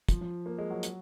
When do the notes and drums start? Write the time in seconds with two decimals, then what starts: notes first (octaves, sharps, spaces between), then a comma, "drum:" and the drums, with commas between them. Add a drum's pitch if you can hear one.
0.09 F3, drum: kick, hi-hat
0.21 F3
0.46 A#3
0.58 G#3
0.70 F#3
0.83 drum: hi-hat